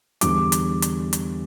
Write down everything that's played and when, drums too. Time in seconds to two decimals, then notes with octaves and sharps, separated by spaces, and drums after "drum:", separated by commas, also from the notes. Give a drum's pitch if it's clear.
0.21 E2 D3 G3 D6, drum: hi-hat
0.52 drum: hi-hat
0.82 drum: hi-hat
1.13 drum: hi-hat